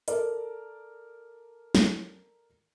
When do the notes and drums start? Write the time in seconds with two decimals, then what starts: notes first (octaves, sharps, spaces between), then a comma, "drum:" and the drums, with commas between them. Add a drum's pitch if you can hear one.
0.08 A4 A#4 D5, drum: hi-hat
1.75 drum: snare